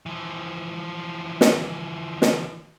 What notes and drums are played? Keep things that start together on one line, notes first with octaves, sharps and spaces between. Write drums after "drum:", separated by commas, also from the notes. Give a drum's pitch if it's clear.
E3 F3
drum: snare
drum: snare